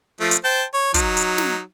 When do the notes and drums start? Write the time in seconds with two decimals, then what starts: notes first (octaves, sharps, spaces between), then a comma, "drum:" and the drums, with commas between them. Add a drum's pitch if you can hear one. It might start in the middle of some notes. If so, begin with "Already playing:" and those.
0.20 F3 A3
0.31 drum: hi-hat
0.44 C5 G5 A5
0.74 C#5
0.94 F#3 D#4, drum: kick, hi-hat
1.17 drum: hi-hat
1.38 drum: snare